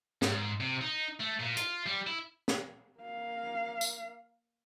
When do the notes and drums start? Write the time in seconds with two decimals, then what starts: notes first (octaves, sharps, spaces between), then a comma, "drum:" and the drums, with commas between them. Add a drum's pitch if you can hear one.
0.22 G#2, drum: snare
0.60 C3
0.82 D#4
1.20 A3
1.40 A#2
1.57 F4, drum: hi-hat
1.86 G3
2.07 E4
2.48 drum: snare
2.99 A#3 F5
3.81 drum: tambourine